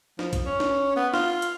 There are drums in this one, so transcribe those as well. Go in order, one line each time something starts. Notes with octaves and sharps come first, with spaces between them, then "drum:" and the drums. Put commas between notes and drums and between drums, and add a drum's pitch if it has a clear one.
F3, drum: snare
drum: kick, hi-hat
C#4
drum: snare
B3
F4, drum: snare
drum: hi-hat